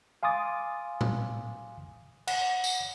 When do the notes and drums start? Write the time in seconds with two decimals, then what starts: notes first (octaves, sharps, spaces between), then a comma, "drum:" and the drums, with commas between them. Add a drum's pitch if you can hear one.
0.23 F5 G#5 C6 D6 D#6 A6
1.01 drum: tom A2
2.27 F#5, drum: cymbal
2.64 drum: tambourine